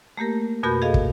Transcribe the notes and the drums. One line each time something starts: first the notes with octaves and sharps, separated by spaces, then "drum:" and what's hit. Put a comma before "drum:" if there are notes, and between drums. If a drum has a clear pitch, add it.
A3 A#3 G4 A#4
F2 B2 F#4 A#4 B5 G6
G#4 A4 D#5 F5
drum: kick